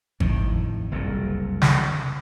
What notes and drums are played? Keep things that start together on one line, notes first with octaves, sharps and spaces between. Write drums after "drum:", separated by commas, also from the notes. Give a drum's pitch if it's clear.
F2 A2 D#3, drum: kick G#1
F#1 C2 F2 A#2
drum: snare